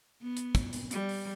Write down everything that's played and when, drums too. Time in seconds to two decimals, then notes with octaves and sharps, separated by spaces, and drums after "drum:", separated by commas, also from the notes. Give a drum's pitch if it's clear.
0.22 B3
0.37 drum: hi-hat
0.55 drum: kick, hi-hat
0.73 drum: hi-hat
0.91 G3, drum: hi-hat
1.09 drum: open hi-hat